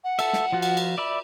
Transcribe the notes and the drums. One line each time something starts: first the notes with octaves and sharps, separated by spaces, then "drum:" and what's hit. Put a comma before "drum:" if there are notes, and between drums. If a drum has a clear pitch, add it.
F#5
A4 E5, drum: cymbal
drum: snare
F3 F4 F#4
drum: cymbal
drum: cymbal
D5 E5 B5